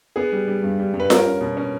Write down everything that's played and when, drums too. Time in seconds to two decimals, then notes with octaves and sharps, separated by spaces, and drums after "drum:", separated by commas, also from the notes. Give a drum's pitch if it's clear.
0.16 B3 G#4
0.32 G3
0.48 G3
0.63 G2
0.79 G3
0.94 G2
1.00 B4
1.10 G3 A#4, drum: snare F4
1.26 C#4
1.41 B2
1.57 C#4